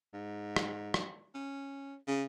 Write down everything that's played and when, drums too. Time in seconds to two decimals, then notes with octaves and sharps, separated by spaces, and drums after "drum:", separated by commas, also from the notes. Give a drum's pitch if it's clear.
0.14 G#2
0.56 drum: rim click
0.94 drum: rim click
1.34 C#4
2.07 C#3